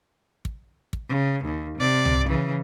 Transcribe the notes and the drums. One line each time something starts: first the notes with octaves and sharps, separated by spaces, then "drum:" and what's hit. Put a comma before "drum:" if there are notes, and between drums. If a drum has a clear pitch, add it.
drum: kick
drum: kick
C#3
D#2
C3 D5
drum: tom C2
C#3 E3